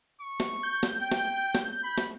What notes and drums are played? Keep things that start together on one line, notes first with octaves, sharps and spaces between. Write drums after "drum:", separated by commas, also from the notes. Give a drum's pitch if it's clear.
C#6
drum: snare
G6
drum: snare
G5
drum: snare
drum: snare
B5
drum: snare